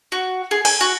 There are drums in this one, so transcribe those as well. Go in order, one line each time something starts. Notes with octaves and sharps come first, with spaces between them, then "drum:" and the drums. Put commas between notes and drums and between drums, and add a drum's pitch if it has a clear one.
F#4
G#4
G#5, drum: cymbal
F#4